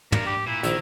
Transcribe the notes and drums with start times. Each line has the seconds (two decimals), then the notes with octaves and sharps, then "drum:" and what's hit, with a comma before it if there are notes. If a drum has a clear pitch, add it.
0.12 G2 A#4, drum: tom
0.26 G4
0.47 A#2 E4
0.63 A#1 D#3 F4 C5 E6, drum: hi-hat